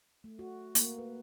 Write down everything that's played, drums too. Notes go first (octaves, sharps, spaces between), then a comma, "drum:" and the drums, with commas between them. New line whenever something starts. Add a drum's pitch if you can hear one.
A3
F#4
A#3, drum: hi-hat
B4